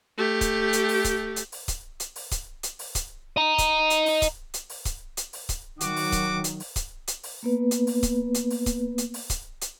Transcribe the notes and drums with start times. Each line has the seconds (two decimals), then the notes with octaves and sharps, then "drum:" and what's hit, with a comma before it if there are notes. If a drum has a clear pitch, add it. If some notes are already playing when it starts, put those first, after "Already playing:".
0.17 A3 G4
0.41 drum: kick C#1, hi-hat
0.73 drum: hi-hat
0.89 drum: open hi-hat
1.04 drum: kick C#1, hi-hat
1.36 drum: hi-hat
1.52 drum: open hi-hat
1.68 drum: kick C#1, hi-hat
2.00 drum: hi-hat
2.16 drum: open hi-hat
2.31 drum: kick C#1, hi-hat
2.63 drum: hi-hat
2.79 drum: open hi-hat
2.95 drum: kick C#1, hi-hat
3.37 D#5 A#5
3.58 drum: kick C#1, hi-hat
3.90 drum: hi-hat
4.06 drum: open hi-hat
4.22 drum: kick C#1, hi-hat
4.54 drum: hi-hat
4.69 drum: open hi-hat
4.85 drum: kick C#1, hi-hat
5.17 drum: hi-hat
5.33 drum: open hi-hat
5.49 drum: kick C#1, hi-hat
5.81 D#3 F#3 F#4 D6, drum: hi-hat
5.96 drum: open hi-hat
6.12 drum: kick C#1, hi-hat
6.44 drum: hi-hat
6.60 drum: open hi-hat
6.76 drum: kick C#1, hi-hat
7.07 drum: hi-hat
7.23 drum: open hi-hat
7.43 A#3 B3 B4
7.71 drum: hi-hat
7.87 drum: open hi-hat
8.03 drum: kick C#1, hi-hat
8.34 drum: hi-hat
8.50 drum: open hi-hat
8.66 drum: kick C#1, hi-hat
8.98 drum: hi-hat
9.14 drum: open hi-hat
9.30 drum: kick C#1, hi-hat
9.61 drum: hi-hat